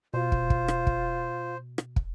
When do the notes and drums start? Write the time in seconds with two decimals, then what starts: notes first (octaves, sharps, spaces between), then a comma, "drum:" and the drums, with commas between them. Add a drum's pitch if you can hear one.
0.14 B2 F4 C5
0.32 drum: kick
0.50 drum: kick
0.68 drum: rim click
0.87 drum: kick
1.78 drum: rim click
1.96 drum: kick